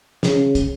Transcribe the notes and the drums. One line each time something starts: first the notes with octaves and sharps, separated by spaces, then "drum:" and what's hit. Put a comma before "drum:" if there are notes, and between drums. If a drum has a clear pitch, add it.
C#3, drum: snare
drum: kick, hi-hat